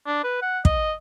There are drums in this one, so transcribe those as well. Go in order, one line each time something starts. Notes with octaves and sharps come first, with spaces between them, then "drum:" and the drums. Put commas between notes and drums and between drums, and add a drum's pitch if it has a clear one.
D4
B4
F#5
D#5, drum: kick